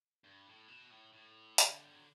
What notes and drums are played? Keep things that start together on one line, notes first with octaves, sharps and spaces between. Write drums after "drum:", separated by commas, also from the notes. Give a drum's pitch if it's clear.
G2
A2
B2
A2
A2
D3, drum: hi-hat
A3
G3
F#3